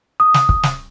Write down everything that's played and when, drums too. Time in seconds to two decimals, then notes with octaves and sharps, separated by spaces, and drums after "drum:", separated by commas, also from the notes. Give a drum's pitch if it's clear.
0.20 D#6
0.34 drum: snare
0.49 drum: kick
0.63 drum: snare